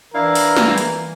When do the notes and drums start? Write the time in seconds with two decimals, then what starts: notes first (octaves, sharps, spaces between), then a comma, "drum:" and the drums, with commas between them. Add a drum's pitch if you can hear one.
0.14 E3 D4 E4 A#4 F5
0.35 drum: open hi-hat
0.57 drum: snare
0.78 drum: hi-hat